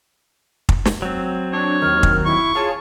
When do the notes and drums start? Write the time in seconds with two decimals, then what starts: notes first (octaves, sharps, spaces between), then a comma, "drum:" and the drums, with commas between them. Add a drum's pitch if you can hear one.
0.69 drum: kick
0.85 drum: snare
1.02 F#3 C4
1.53 D4 C#5
1.82 D#2 D#3 F6
2.03 drum: kick
2.25 E4 C#6
2.55 F4 G#4 C#5 A5